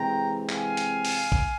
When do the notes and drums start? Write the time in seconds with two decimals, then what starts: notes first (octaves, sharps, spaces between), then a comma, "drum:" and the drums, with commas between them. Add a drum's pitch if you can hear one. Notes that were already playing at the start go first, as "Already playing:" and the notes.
Already playing: C3 E3 G#3 C4 G5 A#5
0.50 F5 G#5, drum: clap
0.77 drum: hi-hat
1.05 drum: open hi-hat
1.32 drum: kick